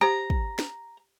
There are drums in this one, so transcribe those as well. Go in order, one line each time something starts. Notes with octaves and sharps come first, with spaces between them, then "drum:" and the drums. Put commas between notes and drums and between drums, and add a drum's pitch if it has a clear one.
G4 C5 A#5
drum: kick
drum: snare